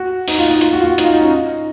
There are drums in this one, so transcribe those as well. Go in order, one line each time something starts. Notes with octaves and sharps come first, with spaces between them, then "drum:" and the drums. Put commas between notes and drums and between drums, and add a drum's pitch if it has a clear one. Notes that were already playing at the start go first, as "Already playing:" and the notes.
Already playing: F#4
D#4, drum: open hi-hat
F4
D#4
F4, drum: hi-hat
F#4
F4
F#4
D#4, drum: hi-hat
F4
D#4
C#4
D#4